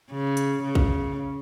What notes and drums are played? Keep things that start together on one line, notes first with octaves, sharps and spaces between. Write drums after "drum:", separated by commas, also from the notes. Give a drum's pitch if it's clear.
C#3
drum: hi-hat
C#3
drum: kick A#1